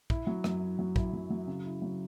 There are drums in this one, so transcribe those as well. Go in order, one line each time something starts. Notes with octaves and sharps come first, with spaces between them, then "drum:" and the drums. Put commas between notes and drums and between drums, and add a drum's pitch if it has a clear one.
E4, drum: kick
F#3
F#2, drum: rim click
E4
F#3
E4, drum: kick
F#3
F#3
C#3
E4
F#3